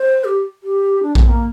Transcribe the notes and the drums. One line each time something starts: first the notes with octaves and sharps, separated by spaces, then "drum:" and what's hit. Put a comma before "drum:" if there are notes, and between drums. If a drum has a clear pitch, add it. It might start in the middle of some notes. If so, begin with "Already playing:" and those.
Already playing: C5
G4
G4
D4
C4, drum: kick A#1
A#3